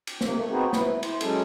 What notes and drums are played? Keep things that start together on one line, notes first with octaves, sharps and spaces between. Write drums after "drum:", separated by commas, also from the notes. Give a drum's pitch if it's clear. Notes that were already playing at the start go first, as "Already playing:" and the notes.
drum: cymbal
C3 A#3, drum: snare
A3
B3 C4 D#4 F#4 G#4 C5
E4 B4, drum: snare
E4 C5, drum: cymbal
F#3 G#3 C#4 A4, drum: cymbal